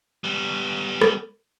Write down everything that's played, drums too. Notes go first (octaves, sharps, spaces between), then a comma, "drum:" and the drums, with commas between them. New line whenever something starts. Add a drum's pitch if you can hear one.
G3 B3
drum: rim click